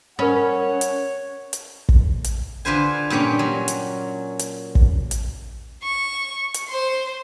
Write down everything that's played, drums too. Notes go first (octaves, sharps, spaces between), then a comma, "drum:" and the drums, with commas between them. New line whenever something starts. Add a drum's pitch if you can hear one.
C#4 A#4 C#5 F#5 B5
drum: hi-hat
drum: hi-hat
drum: kick
drum: hi-hat
D3 F4 B4 C5 G#5
G2 A#2 G3 C#4
F#3
drum: hi-hat
drum: hi-hat
drum: kick
drum: hi-hat
C#6
drum: hi-hat
C5 C6